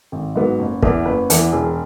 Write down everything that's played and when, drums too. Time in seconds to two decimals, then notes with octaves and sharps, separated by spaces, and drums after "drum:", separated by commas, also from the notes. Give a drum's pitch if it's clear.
0.12 G#1
0.35 G#2 F#3 B3
0.59 F#1
0.82 E2 E3 B3, drum: kick
1.06 F#1 B4
1.30 E2 E3 B3, drum: hi-hat
1.53 E1 G#4